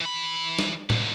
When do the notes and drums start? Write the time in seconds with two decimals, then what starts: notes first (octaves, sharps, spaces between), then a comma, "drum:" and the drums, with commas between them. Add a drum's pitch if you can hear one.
0.01 E3 B5
0.59 drum: snare
0.90 D#2 D3, drum: tom A2